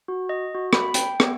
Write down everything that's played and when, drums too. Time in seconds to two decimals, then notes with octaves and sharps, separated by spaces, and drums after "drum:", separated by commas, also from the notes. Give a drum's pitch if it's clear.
0.08 F#4
0.29 D#5
0.55 F#4
0.73 B5, drum: rim click
0.94 G5, drum: hi-hat
1.20 B3, drum: rim click